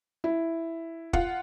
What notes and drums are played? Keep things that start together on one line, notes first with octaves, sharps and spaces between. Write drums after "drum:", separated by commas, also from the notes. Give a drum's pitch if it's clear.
E4
F4 F#5, drum: kick